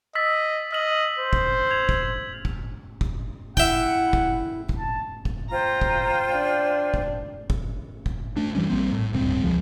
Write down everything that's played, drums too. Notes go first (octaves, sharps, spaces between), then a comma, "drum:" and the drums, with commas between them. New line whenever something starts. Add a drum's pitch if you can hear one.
D#5 E6 A6 B6
D#5 F6 F#7
C5
drum: kick
G#6 F7
drum: kick
drum: kick
drum: kick
E4 E5 F#5 G5, drum: kick
drum: kick
drum: kick
A5
drum: kick
F4 C5 G5 A#5
drum: kick
D4
drum: kick
drum: kick
drum: kick
A3 D4
G2 E3 G3 C#4
A#1 G3 A#3 C4
A2
D1 C#2 G2 C4
E1 C#2 F3 G#3